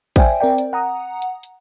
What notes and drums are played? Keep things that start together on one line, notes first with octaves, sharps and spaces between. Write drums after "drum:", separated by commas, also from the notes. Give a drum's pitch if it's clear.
C5 D5 E5 G5 G#5, drum: kick, open hi-hat
C4 A#4 D5 G5
drum: hi-hat
F#5 A#5 D#6
drum: hi-hat
drum: hi-hat